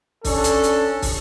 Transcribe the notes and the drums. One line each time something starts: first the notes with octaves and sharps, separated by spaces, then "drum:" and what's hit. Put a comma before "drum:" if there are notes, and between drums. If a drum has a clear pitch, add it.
C#4 D4 A4, drum: kick, open hi-hat
drum: hi-hat
drum: hi-hat
drum: kick, open hi-hat